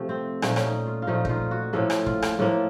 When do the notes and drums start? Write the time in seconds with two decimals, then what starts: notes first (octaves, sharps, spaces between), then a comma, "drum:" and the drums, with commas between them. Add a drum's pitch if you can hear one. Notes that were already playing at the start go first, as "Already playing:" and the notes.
Already playing: C3 F3 A3
0.09 C4
0.42 A#2 F3 A3 D#4, drum: rim click
0.56 C#4, drum: rim click
0.64 D#4
0.87 F4
1.02 F4
1.07 A#2 F3 A3 D#4
1.25 D#4 F4, drum: kick
1.51 F#4
1.73 A2 F3 A#3 A4
1.90 drum: rim click
2.06 F4, drum: kick
2.22 drum: rim click
2.39 A2 F3 A#3 A4